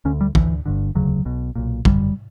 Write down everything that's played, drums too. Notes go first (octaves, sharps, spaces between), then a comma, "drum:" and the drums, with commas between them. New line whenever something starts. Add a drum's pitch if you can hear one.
D2 D3 C#4
G3
D2 D3 E3, drum: kick
G1 G2 D3
E1 D2 C#3 F#3
B1 B2
B1 A#2
F#1 F#2 D3 G3, drum: kick